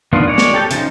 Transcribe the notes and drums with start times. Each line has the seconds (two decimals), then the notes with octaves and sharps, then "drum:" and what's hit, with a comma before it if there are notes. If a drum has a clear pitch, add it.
0.13 D#3 B3 D4 F4
0.28 G#3 C#5 D5
0.38 drum: snare
0.53 G4 A4 A5 G6
0.71 C#3 F3 D#4, drum: hi-hat